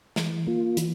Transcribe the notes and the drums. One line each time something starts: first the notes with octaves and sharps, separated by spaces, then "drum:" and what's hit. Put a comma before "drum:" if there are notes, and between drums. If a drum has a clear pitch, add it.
E3, drum: snare
A#3 F4
E3, drum: hi-hat